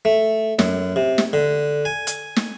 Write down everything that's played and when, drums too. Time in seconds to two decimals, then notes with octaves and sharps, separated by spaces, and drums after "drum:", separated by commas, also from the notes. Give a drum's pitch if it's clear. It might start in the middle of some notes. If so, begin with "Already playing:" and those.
0.05 A3
0.59 F#2, drum: snare
0.96 C3
1.18 drum: snare
1.33 D3
1.85 G#5
2.07 drum: hi-hat
2.36 drum: snare